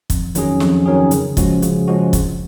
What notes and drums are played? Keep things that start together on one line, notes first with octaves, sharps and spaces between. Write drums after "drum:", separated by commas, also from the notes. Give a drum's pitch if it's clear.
F2, drum: kick, hi-hat
D#3 F#3 C#4 G#4, drum: hi-hat
F2, drum: snare
D#3 F#3 C#4 G#4
C#3, drum: hi-hat
F3 G#3 C#4 F#4, drum: kick, hi-hat
C#3, drum: hi-hat
F3 G#3 C#4 F#4
F2, drum: kick, hi-hat